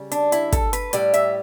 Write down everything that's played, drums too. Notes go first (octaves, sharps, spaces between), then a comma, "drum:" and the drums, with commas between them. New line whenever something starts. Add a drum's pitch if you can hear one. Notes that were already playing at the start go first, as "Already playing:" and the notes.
Already playing: C#3 G3
D4, drum: hi-hat
E4, drum: hi-hat
A4, drum: kick, hi-hat
B4, drum: hi-hat
A2 G3 D5, drum: hi-hat
E5, drum: hi-hat